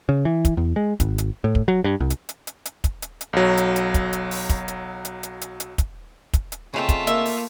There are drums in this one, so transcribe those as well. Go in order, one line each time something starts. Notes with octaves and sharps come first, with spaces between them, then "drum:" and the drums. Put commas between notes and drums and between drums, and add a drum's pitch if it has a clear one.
C#3
E3
drum: kick, hi-hat
E2
G#3
G#1, drum: kick, hi-hat
drum: hi-hat
A2
drum: kick
F#3
G2
C2
drum: hi-hat
drum: hi-hat
drum: hi-hat
drum: hi-hat
drum: kick, hi-hat
drum: hi-hat
drum: hi-hat
B1 F#3
drum: hi-hat
drum: hi-hat
drum: kick, hi-hat
drum: hi-hat
drum: open hi-hat
drum: kick, hi-hat
drum: hi-hat
drum: hi-hat
drum: hi-hat
drum: hi-hat
drum: hi-hat
drum: kick, hi-hat
drum: kick, hi-hat
drum: hi-hat
C#3 G#3 A3 C4 F4
drum: kick, hi-hat
A#3 E5, drum: hi-hat
drum: open hi-hat